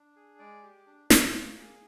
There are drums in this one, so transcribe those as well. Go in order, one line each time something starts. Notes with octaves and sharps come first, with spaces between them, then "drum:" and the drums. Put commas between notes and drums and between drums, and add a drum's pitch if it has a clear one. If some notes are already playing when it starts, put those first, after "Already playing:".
Already playing: D4
G#4
G#3 D5
G4
D4
D4, drum: snare
A#3 D5
G#4